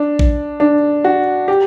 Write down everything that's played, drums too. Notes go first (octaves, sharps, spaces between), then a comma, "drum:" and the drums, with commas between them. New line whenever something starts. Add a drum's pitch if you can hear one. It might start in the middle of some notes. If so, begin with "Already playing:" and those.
Already playing: D4
drum: kick A#1
D4
F#4
G4